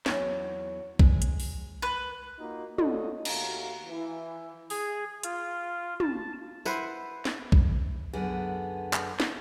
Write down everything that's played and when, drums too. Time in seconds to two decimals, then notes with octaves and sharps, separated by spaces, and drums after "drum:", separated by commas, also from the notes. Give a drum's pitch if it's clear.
0.06 E2 F#3, drum: snare
0.99 G#3, drum: kick B1
1.22 drum: hi-hat
1.40 drum: open hi-hat
1.82 B4
2.39 A#3 D#4 F4 F#4
2.78 C#4 F4 F#4 A4 D5 D#5, drum: tom
3.25 D#2 A3 F#4 F5 A#5, drum: cymbal
3.86 E3
4.70 G#4, drum: open hi-hat
5.23 F4, drum: hi-hat
6.00 A5, drum: tom
6.65 E4 B4 C5 F#5, drum: tambourine
7.25 drum: snare
7.52 drum: kick B1
8.13 F#2 D3 B3 G#4
8.93 drum: clap
9.20 drum: snare